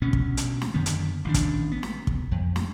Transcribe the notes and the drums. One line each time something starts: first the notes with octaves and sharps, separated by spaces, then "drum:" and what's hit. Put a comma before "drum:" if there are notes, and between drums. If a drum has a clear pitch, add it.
D2 B2 B3 C#4
drum: kick
drum: hi-hat
drum: snare
F#2 D3 D#3 B3
drum: hi-hat
A1 D#3 D4
drum: kick, hi-hat
B3
drum: snare
drum: kick
F2
drum: snare